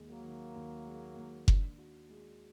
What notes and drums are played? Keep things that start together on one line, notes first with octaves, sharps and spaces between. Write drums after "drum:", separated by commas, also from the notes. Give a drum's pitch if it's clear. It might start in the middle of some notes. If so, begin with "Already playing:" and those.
Already playing: D#2 G#3
F#3 A#3
D#3
D#2
G#3
D#2
D4, drum: kick F#1
F#4
G#3